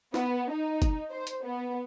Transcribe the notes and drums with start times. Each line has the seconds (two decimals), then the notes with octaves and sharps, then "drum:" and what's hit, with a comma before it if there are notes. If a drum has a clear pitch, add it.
0.14 B3, drum: snare
0.52 D#4
0.82 drum: kick F#1, hi-hat
1.11 C5
1.27 drum: hi-hat
1.44 B3